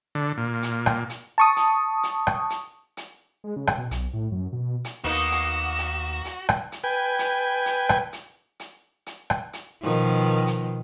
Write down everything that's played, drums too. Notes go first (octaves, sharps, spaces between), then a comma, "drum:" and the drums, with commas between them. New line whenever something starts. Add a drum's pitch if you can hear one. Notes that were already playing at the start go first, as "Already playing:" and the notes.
D3
A#2
drum: hi-hat
drum: rim click
drum: hi-hat
A5 C#6 D#6
drum: hi-hat
drum: hi-hat
drum: rim click
drum: hi-hat
drum: hi-hat
G#3
C#3
drum: rim click
B2
B1, drum: hi-hat
A2
F#2
B2
drum: hi-hat
D#2 A#3 B3 D#4 F#4 E7
drum: hi-hat
drum: hi-hat
drum: hi-hat
drum: rim click
drum: hi-hat
B4 G5 G#5
drum: hi-hat
drum: hi-hat
drum: rim click
drum: hi-hat
drum: hi-hat
drum: hi-hat
drum: rim click
drum: hi-hat
B2 D#3 F3
drum: hi-hat